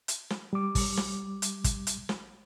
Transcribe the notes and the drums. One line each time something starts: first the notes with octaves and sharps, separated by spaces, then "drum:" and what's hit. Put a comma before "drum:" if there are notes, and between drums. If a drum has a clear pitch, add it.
drum: hi-hat
drum: snare
G3 D6
drum: kick, open hi-hat
drum: snare
drum: hi-hat
drum: kick, hi-hat
drum: hi-hat
drum: snare